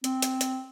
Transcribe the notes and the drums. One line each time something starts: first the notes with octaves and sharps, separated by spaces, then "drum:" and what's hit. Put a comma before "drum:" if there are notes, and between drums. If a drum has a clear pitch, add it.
C4, drum: hi-hat
drum: hi-hat
drum: hi-hat